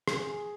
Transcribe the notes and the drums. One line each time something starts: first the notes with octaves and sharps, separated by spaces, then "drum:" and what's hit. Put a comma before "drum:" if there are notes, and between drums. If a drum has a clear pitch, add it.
G#4, drum: rim click
G#4